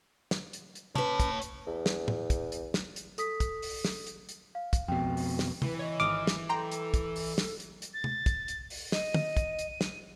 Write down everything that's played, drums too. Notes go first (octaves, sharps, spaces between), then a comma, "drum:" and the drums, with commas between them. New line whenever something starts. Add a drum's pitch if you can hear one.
drum: snare
drum: hi-hat
drum: hi-hat
C#4 B4 C#5 A5, drum: tom
drum: kick, hi-hat
drum: hi-hat
E2
drum: snare
drum: tom
drum: kick, hi-hat
drum: hi-hat
drum: snare
drum: hi-hat
A4 D#6 B6, drum: hi-hat
drum: kick, hi-hat
drum: open hi-hat
drum: snare
drum: hi-hat
drum: hi-hat
F5
drum: kick, hi-hat
F2 B2 G5
drum: open hi-hat
drum: snare
E3 B4, drum: tom
C#5 D#5
G#1 D6 D#6 F6
drum: snare
A4 G5 A#5 C6
drum: hi-hat
drum: kick, hi-hat
drum: open hi-hat
drum: snare
drum: hi-hat
drum: hi-hat
A6
drum: tom C3
drum: kick, hi-hat
drum: hi-hat
drum: open hi-hat
D#5 D#7, drum: snare
drum: tom
drum: kick, hi-hat
drum: hi-hat
drum: snare